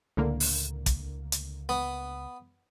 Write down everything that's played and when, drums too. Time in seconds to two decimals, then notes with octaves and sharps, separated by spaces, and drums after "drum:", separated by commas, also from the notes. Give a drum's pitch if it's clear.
0.17 C#2 A2 D3 A#3
0.40 drum: open hi-hat
0.86 drum: kick, hi-hat
1.32 drum: hi-hat
1.69 B3